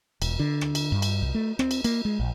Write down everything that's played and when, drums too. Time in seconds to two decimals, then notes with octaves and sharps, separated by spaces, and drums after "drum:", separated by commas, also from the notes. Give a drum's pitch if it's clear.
0.22 E1, drum: cymbal
0.40 D3
0.61 drum: rim click
0.75 drum: cymbal
0.92 G2
1.02 drum: cymbal
1.22 C2
1.34 A3
1.59 C4, drum: rim click
1.71 drum: cymbal
1.84 A#3, drum: cymbal
2.05 G#3
2.19 A#1